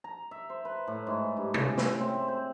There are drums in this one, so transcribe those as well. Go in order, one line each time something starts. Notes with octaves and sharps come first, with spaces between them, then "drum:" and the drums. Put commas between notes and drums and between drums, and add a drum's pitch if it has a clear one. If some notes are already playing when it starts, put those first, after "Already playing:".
A#5
E5
C5
B4
A2
G#2
G2
C#3, drum: tom
E5, drum: snare
C4
C5